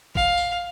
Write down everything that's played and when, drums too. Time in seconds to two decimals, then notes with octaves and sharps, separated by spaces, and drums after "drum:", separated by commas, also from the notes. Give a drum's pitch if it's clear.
0.15 F5, drum: kick
0.38 drum: tambourine